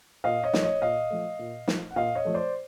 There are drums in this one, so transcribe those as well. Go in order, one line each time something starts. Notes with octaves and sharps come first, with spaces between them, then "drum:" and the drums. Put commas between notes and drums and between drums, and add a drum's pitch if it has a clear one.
A#2 D#5 F5
C#5 D#5
F3 A3, drum: snare
C#5 D#5
A#2 D#5 F5
F3 A3
A#2
F3 A3, drum: snare
F#5
A#2 D#5 F5
C#5 D#5
F3 A3
C5 D5